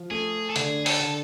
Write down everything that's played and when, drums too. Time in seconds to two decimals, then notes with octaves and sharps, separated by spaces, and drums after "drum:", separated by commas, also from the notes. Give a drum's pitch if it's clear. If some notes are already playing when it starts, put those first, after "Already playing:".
Already playing: F3
0.11 A3 G#4
0.50 A4
0.56 D3 G#4, drum: hi-hat
0.86 A4, drum: open hi-hat
1.00 D3